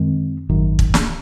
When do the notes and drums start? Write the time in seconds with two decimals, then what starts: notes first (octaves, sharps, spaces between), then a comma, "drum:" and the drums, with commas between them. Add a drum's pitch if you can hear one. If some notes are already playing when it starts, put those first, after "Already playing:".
Already playing: F#2 D#3 G#3 C4
0.49 G#1 F#2 D#3
0.79 drum: kick
0.94 drum: snare